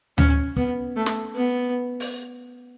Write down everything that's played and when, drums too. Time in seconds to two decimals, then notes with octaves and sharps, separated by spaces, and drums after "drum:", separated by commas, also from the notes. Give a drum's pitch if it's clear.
0.18 C#4, drum: tom D2
0.57 B3, drum: kick
0.97 A3
1.06 drum: snare
1.35 B3
2.00 drum: open hi-hat